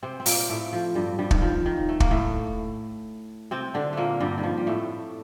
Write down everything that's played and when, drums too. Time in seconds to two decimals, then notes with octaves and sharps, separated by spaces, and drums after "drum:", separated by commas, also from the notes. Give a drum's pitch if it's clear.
0.03 C3 C4
0.20 C4
0.26 A#2 A#3, drum: open hi-hat
0.49 A2 A3
0.73 F3
0.95 G2 G3
1.19 G2 G3
1.31 D#3, drum: kick
1.42 F3
1.66 D#3
1.89 A3
2.00 A#3, drum: kick
2.11 A2 A3
3.51 C3 C4
3.74 D3 D4
3.93 A#2 A3 A#3
4.20 G2 G3
4.38 D#3
4.43 F3
4.58 G3
4.67 A2 A3